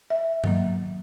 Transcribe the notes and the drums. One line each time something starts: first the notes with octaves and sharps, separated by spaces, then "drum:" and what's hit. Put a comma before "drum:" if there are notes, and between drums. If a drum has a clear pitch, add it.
E5
D#3 F#3 A#3, drum: tom G2